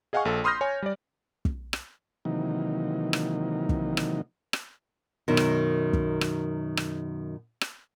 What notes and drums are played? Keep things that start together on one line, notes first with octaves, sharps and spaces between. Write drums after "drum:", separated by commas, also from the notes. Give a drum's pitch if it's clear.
G#4 D#5 F5 F#5 G#5 C#6
A#1 A4
B5 C6 D#6 F6 G6 A#6
C#5 G#5
G3 D5
drum: kick
drum: rim click
C3 D#3 E3 F#3 A#3 D#4
drum: rim click
drum: kick
drum: rim click
drum: rim click
F#2 B2 D#3
drum: rim click
drum: kick
drum: rim click
drum: rim click
drum: rim click